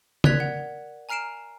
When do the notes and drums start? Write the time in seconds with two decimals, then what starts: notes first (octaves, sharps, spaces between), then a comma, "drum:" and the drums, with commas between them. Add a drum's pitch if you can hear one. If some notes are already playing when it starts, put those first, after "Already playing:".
0.24 A#4 D5 F#6 G#6 B6 F7, drum: tom
0.40 F#5
1.09 G#5 A#5 F6 C7 D7 E7